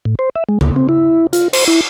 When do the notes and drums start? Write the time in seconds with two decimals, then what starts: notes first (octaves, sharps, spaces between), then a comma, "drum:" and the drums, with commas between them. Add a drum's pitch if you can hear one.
0.05 A2
0.19 C5
0.35 E5
0.49 G#3
0.61 D2, drum: tom C#3
0.76 C4
0.89 E4
1.33 F4, drum: hi-hat
1.53 C5, drum: cymbal
1.68 E4